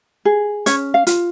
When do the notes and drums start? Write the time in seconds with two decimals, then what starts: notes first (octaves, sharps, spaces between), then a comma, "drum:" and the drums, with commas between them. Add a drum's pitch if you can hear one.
0.25 G#4
0.66 C#4 C#5, drum: hi-hat
0.94 F5
1.07 F4, drum: hi-hat